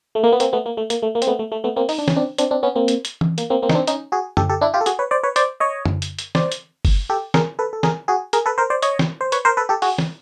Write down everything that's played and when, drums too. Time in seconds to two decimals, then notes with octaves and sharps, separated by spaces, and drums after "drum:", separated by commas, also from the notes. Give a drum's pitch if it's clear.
0.15 A3
0.24 A#3
0.32 B3
0.40 A#3 C4, drum: hi-hat
0.53 A3 B3
0.66 A#3
0.77 A3
0.90 A#3, drum: hi-hat
1.02 A3
1.15 A#3
1.22 C4, drum: hi-hat
1.27 A3 B3
1.39 A3
1.52 A3
1.64 A3 B3
1.76 A#3 C4
1.89 D#4, drum: open hi-hat
1.98 D4
2.08 C#4, drum: snare
2.16 C4 D4
2.38 C4 D4, drum: hi-hat
2.51 C4 D4
2.63 B3 C#4
2.76 A#3 C4
2.88 drum: hi-hat
3.05 drum: hi-hat
3.21 drum: tom E3
3.38 A#3, drum: hi-hat
3.50 A#3 C4
3.62 A#3 C4
3.69 D#4, drum: snare
3.74 C4 D4
3.87 C#4 D#4, drum: hi-hat
4.12 F#4 G#4
4.37 G4 A4, drum: tom F#2
4.49 G4 A4
4.61 D4 E4
4.74 F4 G4
4.81 A4
4.86 F#4 G#4, drum: hi-hat
4.99 B4 C#5
5.11 C5 D5
5.23 B4 C#5
5.36 C5 D5, drum: hi-hat
5.60 C#5 D#5
5.85 drum: tom F#2
6.02 drum: hi-hat
6.19 drum: hi-hat
6.35 C5 D5, drum: snare
6.52 drum: hi-hat
6.85 drum: kick F#1, open hi-hat
7.10 G4 A4
7.34 G#4 A#4, drum: snare
7.59 A4 B4
7.73 A4
7.83 G#4 A#4, drum: snare
8.08 F#4 G#4
8.33 G#4 A#4, drum: hi-hat
8.46 A4 B4
8.58 A#4 C5
8.70 C5 D5
8.82 C#5 D#5, drum: hi-hat
8.99 drum: snare
9.21 C5
9.32 B4 C#5, drum: hi-hat
9.45 A#4 C5
9.57 A4 B4
9.69 G4 A4
9.82 F#4 G#4, drum: open hi-hat
9.98 drum: snare